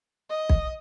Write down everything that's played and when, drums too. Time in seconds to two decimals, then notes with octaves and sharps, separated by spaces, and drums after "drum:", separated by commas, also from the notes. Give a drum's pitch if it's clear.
0.29 D#5
0.49 drum: kick B1